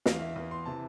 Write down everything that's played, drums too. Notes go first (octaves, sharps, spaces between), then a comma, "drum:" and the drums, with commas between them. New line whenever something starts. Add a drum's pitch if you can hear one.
E2 E3 F5, drum: snare
E5
E2 E3
C6
C3 E3 A5